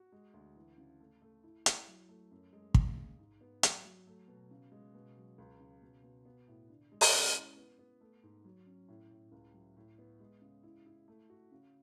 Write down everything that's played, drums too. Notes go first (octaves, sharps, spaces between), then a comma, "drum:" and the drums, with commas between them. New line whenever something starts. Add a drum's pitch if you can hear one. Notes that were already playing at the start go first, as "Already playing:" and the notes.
Already playing: F#4
G#3
D2
E3
C#3
A3
A3
E4
E4, drum: hi-hat
F#3
A3
F#2
G#3
C#3, drum: kick
C#3
G#2
B3
F#3, drum: hi-hat
F#3
A3
B2
C#3
G#3
B2
F#3
C#2
C#3
B2
B2
B3
A2
D3
G#3
drum: open hi-hat
C#4
E4
B3
B3
A3
G#2
F#3
C#4
A2
A2
C#2
F#3
A2
B3
G#3
C#3
E4
E4
A3
F#4
C#3